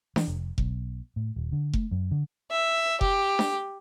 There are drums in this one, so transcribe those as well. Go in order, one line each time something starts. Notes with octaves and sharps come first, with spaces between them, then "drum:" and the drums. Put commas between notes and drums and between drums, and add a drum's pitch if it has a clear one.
E3, drum: snare D4
F1
B1, drum: kick F1
A2
D#1
D3
A3, drum: kick F1
F#2
D3
E5
G4, drum: kick F1
drum: snare D4